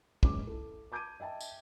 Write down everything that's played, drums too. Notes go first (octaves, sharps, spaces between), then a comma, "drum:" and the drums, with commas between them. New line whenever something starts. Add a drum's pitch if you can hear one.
F#1 C#2 C#4 D6, drum: kick
E4 A4
A5 D6 G6 G#6 D7 D#7
D#5 E5 G5 A5
drum: tambourine